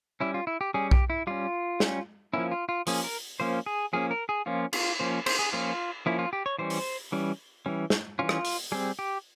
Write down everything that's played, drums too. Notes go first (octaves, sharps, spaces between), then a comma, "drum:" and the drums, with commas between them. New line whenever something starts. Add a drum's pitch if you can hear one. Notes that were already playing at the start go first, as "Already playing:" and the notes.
G3 C#4 E4
F4
E4
G4
G3 C#4 G#4
G4, drum: kick B1
E4
G3 C#4 F4
G3 C#4, drum: snare
F3 A#3 C#4 E4
F4
F4
F3 A#3 C#4 G#4, drum: open hi-hat
A#4
F3 A#3 C#4 C5
G#4
F3 A#3 C#4 G#4
A#4
G#4
F3 A#3 C#4 F4
F4, drum: cymbal
F3 A#3 C#4 C5
C5, drum: cymbal
G#4
F3 A#3 C#4 F4
F3 A#3 C#4 E4
F4
G4
C#5
E3 G3 C#4 C5
drum: open hi-hat
E3 G3 C#4
E3 G3 C#4
drum: snare
E3 G3 C#4 F4
drum: rim click
drum: open hi-hat
G3 C4 G#4
G4